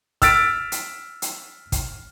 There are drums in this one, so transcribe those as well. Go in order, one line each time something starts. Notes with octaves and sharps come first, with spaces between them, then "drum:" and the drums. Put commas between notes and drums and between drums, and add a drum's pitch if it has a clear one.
E6 F6 A6 B6 D7, drum: kick, hi-hat
drum: hi-hat
drum: hi-hat
drum: kick, hi-hat